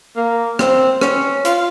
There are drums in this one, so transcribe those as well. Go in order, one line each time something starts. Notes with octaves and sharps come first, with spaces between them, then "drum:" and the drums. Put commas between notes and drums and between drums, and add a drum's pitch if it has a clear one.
A#3
C4, drum: rim click
C#4, drum: rim click
F4, drum: hi-hat